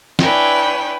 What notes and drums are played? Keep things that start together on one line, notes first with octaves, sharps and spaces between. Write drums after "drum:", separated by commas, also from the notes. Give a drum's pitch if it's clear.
D4 E4 B4 C#5 G5 G#5, drum: snare